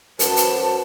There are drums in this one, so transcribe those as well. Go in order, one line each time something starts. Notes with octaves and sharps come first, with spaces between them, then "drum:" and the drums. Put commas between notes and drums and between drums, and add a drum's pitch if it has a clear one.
F#2 F#4 B4 C5 A5, drum: hi-hat
drum: hi-hat